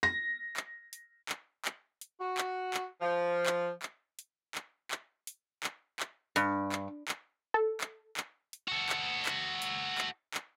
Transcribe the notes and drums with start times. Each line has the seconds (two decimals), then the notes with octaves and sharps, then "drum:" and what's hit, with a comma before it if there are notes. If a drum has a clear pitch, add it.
0.03 A#6
0.57 drum: clap
0.93 drum: hi-hat
1.29 drum: clap
1.65 drum: clap
2.01 drum: hi-hat
2.20 F#4
2.38 drum: clap
2.74 drum: clap
3.01 F3
3.46 drum: clap
3.82 drum: clap
4.19 drum: hi-hat
4.55 drum: clap
4.91 drum: clap
5.27 drum: hi-hat
5.63 drum: clap
6.00 drum: clap
6.36 G2, drum: hi-hat
6.72 drum: clap
7.08 drum: clap
7.54 A4
7.81 drum: clap
8.17 drum: clap
8.53 drum: hi-hat
8.68 F#4 A4
8.89 drum: clap
9.26 drum: clap
9.62 drum: hi-hat
9.98 drum: clap
10.34 drum: clap